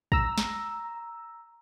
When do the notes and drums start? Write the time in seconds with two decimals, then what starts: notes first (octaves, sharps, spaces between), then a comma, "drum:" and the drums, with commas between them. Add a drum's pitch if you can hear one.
0.12 A#5 E6, drum: kick
0.38 drum: snare